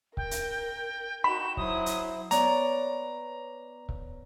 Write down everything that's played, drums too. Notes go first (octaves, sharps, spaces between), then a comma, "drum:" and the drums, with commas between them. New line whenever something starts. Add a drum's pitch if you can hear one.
A#4 G5, drum: kick C#1
drum: hi-hat
D#4 F#4 G5 B5 E7
F#3 E4 C5 D#6, drum: kick C#1
drum: hi-hat
B3 C#5 D5 A#5, drum: hi-hat
drum: kick C#1